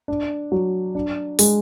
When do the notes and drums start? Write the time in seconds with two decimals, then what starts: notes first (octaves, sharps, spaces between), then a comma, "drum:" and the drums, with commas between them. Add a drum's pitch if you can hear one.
0.08 D4
0.52 F#3
0.95 D4
1.39 G#3, drum: open hi-hat